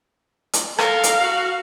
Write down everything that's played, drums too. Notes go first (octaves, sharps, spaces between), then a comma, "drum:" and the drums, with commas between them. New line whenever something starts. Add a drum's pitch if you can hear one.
drum: hi-hat
A4 A#4 F5, drum: rim click
drum: hi-hat
F#4